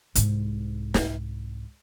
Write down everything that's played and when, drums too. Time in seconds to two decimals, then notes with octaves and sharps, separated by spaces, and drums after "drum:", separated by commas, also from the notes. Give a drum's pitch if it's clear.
0.15 C2 G#2, drum: hi-hat
0.94 drum: snare